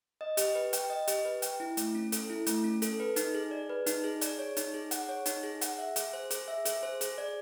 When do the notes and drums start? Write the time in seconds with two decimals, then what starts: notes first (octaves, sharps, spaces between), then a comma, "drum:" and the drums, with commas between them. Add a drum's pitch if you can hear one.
0.21 D#5
0.37 G4, drum: hi-hat
0.55 B4
0.73 G5, drum: hi-hat
0.90 D#5
1.07 G4, drum: hi-hat
1.25 B4
1.42 G5, drum: hi-hat
1.60 E4
1.77 A3, drum: hi-hat
1.95 C#4
2.12 A4, drum: hi-hat
2.30 E4
2.46 A3, drum: hi-hat
2.64 C#4
2.82 A4, drum: hi-hat
3.00 B4
3.16 D#4, drum: hi-hat
3.35 G#4
3.51 D5
3.69 B4
3.86 D#4, drum: hi-hat
4.04 G#4
4.21 D5, drum: hi-hat
4.39 C#5
4.57 D#4, drum: hi-hat
4.74 G#4
4.91 F#5, drum: hi-hat
5.09 C#5
5.26 D#4, drum: hi-hat
5.43 G#4
5.61 F#5, drum: hi-hat
5.78 E5
5.96 G#4, drum: hi-hat
6.13 C5
6.31 G#4, drum: hi-hat
6.48 E5
6.65 G#4, drum: hi-hat
6.83 C5
7.01 G#4, drum: hi-hat
7.18 D5